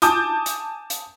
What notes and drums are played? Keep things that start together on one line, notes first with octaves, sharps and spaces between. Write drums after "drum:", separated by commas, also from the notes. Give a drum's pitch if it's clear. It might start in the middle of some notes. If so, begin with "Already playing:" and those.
G#5 A5 D6 D#6 G6, drum: hi-hat
drum: hi-hat
drum: hi-hat